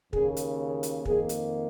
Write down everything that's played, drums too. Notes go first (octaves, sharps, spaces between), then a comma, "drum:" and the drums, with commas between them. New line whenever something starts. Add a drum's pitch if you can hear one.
D#2 C#3 A#3 G#4, drum: kick
drum: hi-hat
drum: hi-hat
F2 D#3 A#3 G#4, drum: kick
drum: hi-hat